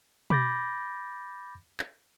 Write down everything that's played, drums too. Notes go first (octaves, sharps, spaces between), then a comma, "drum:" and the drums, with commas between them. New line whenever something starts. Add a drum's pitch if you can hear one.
B5 D6 G6 A6 A#6, drum: tom B2
drum: clap